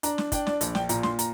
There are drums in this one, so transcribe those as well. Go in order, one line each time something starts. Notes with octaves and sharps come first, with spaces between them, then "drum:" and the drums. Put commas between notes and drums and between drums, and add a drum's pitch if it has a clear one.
D4 A#5, drum: hi-hat
drum: snare
D4 G5, drum: kick, hi-hat
D5, drum: snare
A#1, drum: hi-hat
G5, drum: snare
A#2 A#5, drum: hi-hat
C6, drum: snare
A#5, drum: hi-hat